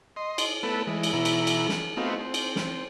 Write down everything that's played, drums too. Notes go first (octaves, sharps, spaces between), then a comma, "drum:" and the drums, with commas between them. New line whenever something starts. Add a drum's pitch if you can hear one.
D#5 C6
drum: cymbal
A3 B3 A4 B4
E3 G#3
drum: cymbal
B2 E3 E4 A#5
drum: cymbal
drum: cymbal
drum: snare
A3 B3 C4 D#4 F4 F#4
C4
drum: cymbal
drum: snare